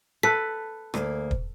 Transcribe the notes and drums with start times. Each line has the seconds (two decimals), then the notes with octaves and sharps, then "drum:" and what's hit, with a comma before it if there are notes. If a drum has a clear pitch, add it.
0.23 A4 B4 B6
0.94 D2 A#3, drum: rim click
1.31 drum: kick